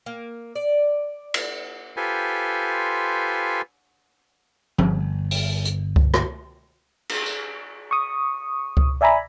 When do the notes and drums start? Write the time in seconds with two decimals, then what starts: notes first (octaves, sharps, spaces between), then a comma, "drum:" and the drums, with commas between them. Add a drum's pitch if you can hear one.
0.06 A#3
0.55 D5
1.34 drum: cymbal
1.97 F4 G4 A4 B4 C5 G#5
4.78 G1, drum: tom F3
5.31 drum: open hi-hat
5.65 drum: hi-hat
5.96 drum: kick C#2
6.14 drum: rim click
7.09 drum: cymbal
7.26 drum: tambourine
7.91 C#6 D#6
8.77 drum: kick C#2
9.01 D5 E5 G#5 A#5 B5